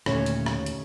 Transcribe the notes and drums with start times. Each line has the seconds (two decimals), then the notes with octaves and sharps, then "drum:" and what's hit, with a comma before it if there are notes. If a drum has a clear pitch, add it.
0.06 D#2 A#2 D3 A3 C#4 C#5, drum: rim click
0.26 drum: hi-hat
0.46 drum: rim click
0.66 drum: hi-hat